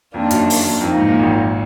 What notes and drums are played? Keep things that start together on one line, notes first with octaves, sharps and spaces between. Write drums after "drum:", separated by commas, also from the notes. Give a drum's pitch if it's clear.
F2 D#3 A#3 D4 F4
F#2, drum: hi-hat
drum: open hi-hat
F2 F3 A#3 D#4
G#2
A#2
G#1 G#2